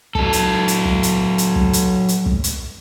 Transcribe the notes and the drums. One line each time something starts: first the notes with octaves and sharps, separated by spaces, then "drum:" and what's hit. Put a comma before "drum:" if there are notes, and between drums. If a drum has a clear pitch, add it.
F#3 A4, drum: kick
drum: hi-hat
drum: hi-hat
drum: kick
drum: hi-hat
drum: hi-hat
drum: kick
drum: hi-hat
drum: hi-hat
drum: kick
drum: hi-hat